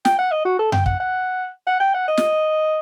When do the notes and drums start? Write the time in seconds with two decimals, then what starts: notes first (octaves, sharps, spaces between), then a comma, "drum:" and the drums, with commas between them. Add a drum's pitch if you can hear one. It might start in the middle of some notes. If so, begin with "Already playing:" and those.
0.05 G5, drum: snare
0.19 F#5
0.31 D#5
0.45 F#4
0.59 A4
0.72 G5, drum: tom F#2
0.86 F#5, drum: kick
1.00 F#5
1.67 F#5
1.80 G5
1.94 F#5
2.08 D#5
2.17 drum: snare